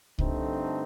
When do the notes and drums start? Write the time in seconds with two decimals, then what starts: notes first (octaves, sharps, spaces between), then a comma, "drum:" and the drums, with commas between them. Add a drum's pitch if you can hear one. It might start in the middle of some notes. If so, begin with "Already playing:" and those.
0.19 G2 D3 A3 C4 D#4, drum: kick C2